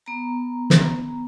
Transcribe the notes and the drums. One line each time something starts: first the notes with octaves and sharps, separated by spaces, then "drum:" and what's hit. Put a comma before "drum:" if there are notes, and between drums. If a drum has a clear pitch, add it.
B3 A#5
drum: snare